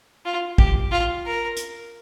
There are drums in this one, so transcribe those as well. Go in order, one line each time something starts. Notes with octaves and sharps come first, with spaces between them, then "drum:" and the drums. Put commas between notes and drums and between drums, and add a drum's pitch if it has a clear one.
F4
G4, drum: kick
F4
A#4
drum: hi-hat